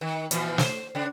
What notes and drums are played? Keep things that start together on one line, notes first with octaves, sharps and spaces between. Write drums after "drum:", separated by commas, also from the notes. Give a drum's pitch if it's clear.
D#3
A#2 E3 F3, drum: hi-hat
C5, drum: snare
C#3 D4